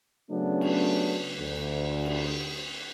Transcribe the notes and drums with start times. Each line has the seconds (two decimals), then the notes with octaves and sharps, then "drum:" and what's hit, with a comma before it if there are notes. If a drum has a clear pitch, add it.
0.31 C#3 F#3 A3 B3 C#4 D4
0.61 drum: cymbal
1.39 D2
2.05 drum: cymbal